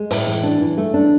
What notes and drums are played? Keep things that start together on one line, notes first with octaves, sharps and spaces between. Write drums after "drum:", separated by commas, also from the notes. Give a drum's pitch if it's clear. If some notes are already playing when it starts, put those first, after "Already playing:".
Already playing: G#3
A2, drum: open hi-hat
E3
D4
E3
A3
D4